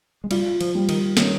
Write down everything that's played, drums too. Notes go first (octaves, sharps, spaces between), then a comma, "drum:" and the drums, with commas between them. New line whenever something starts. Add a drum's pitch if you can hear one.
G#3
G3 F4, drum: cymbal
F3, drum: cymbal
G3
D#3, drum: cymbal
D#3 C#4, drum: snare